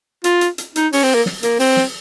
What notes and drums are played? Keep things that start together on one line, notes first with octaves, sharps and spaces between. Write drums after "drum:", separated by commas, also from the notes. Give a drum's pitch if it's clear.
F4, drum: hi-hat
drum: hi-hat
drum: hi-hat
D#4, drum: hi-hat
C#4, drum: open hi-hat
C4
A#3
drum: snare
A#3, drum: hi-hat
C4, drum: open hi-hat
drum: snare